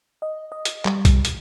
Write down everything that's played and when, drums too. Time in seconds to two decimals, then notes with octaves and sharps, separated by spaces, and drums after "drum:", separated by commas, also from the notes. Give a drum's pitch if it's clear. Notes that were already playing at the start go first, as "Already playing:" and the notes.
0.22 D#5
0.52 D#5
0.65 drum: hi-hat
0.85 G3, drum: clap
1.05 drum: kick B1, hi-hat
1.25 drum: hi-hat